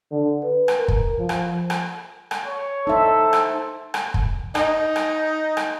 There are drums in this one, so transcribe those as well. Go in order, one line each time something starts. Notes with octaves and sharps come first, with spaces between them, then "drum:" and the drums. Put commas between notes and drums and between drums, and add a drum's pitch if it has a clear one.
D3
B4
drum: rim click
A#4
drum: kick
F3
drum: rim click
drum: rim click
drum: rim click
C#5
A3 D#4 A4 C5 E5
drum: rim click
drum: rim click
drum: kick
D#4, drum: rim click
drum: rim click
drum: rim click